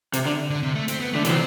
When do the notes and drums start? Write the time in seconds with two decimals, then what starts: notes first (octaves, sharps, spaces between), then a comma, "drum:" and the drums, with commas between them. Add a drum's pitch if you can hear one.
0.13 C3, drum: hi-hat
0.26 D3
0.50 D3
0.63 C3
0.75 A3
0.88 C4, drum: hi-hat
1.00 B3
1.13 D3 A3
1.25 C3 E3 C4, drum: hi-hat